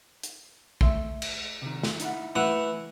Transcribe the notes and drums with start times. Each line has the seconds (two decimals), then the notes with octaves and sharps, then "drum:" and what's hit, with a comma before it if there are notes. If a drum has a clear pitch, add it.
0.23 drum: hi-hat
0.81 A3 E5 C6, drum: kick A#1
1.22 drum: cymbal
1.62 C3 D#3
1.83 drum: snare
2.00 D#4 E4 F#5, drum: hi-hat
2.36 E3 A3 F#5